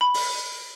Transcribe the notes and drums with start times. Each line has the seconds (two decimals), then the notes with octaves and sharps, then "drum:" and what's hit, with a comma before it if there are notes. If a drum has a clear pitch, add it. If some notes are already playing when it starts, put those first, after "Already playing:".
0.01 B5
0.14 drum: open hi-hat